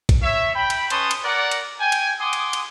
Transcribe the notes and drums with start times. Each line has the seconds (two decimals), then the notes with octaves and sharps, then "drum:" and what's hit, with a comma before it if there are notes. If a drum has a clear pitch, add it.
0.09 drum: kick, cymbal
0.22 C#5 E5
0.55 G5 B5
0.70 drum: cymbal
0.90 C#4 B4 C#5 A5 C6 D#6, drum: cymbal
1.11 drum: cymbal
1.24 A#4 D5 F#5
1.51 drum: cymbal
1.80 G5 G#5
1.92 drum: cymbal
2.20 F#5 G#5 C6 D6 D#6
2.33 drum: cymbal
2.53 drum: cymbal